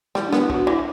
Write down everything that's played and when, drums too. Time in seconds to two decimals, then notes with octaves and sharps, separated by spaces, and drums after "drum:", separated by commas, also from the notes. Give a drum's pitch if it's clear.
0.15 G3 E4, drum: snare
0.28 D4
0.33 B3, drum: snare
0.41 E4
0.50 F#3 F#4, drum: kick
0.67 E3 E4